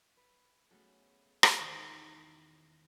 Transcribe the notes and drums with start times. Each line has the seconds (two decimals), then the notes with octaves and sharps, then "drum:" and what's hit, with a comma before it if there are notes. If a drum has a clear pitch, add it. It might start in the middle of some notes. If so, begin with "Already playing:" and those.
0.17 B4
0.71 A3 B3 C#4 F#4 G#4 A4
1.43 drum: rim click
1.60 E1 D#3